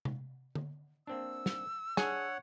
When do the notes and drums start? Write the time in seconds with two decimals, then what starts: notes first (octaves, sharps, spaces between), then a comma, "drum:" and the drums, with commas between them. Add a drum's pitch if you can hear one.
0.05 drum: tom C3
0.55 drum: tom D3
1.07 A#3 C4 D4 E6
1.46 drum: snare
1.97 D4 G#4 C#5 F#5, drum: snare